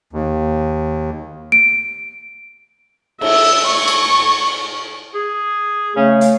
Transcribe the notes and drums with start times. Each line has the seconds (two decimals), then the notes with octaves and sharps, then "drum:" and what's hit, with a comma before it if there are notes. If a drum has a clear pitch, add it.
0.13 D#2
1.52 D7
3.21 E5, drum: cymbal
3.68 C#6
3.88 drum: cymbal
5.14 G#4
5.96 C#3 A3 C#4
6.21 F5, drum: hi-hat